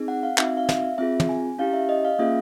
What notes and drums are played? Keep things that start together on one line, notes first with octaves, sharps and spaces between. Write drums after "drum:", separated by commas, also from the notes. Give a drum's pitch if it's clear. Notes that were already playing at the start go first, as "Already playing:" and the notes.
Already playing: C4 D#4 G#4
F#5
F5
C4 D#4 F#4 E5, drum: clap
F5
E5, drum: snare
C4 F4 G#4 E5
drum: tom
G#5
C#4 E4 G4 F5
E5
D#5
F5
A#3 C#4 F4 G#4 E5